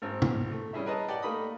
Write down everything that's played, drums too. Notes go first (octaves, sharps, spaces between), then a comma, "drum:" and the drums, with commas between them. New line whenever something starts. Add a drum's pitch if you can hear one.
G#1 C4 A#4
drum: tom
A3
G3 C#4 E4 G#4 E5
G#4 A#4 B4 C#5 D#5 A5
G4 D5 F#5 G5 A5
A3 A#3 D#4 B5 D#6